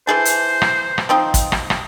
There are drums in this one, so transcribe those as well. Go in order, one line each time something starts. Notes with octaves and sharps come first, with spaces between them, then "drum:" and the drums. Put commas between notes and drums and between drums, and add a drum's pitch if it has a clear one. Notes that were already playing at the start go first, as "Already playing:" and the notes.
E3 G#4 C5 A5
drum: hi-hat
drum: rim click
drum: rim click
F3 C4 D#4
drum: kick, hi-hat
drum: rim click
drum: rim click